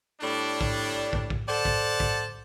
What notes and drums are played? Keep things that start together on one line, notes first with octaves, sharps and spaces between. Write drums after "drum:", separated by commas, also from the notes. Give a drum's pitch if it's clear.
A2 G3 D4
drum: kick
drum: kick
drum: kick
A4 C5 D5 F#5 A5
drum: kick
drum: kick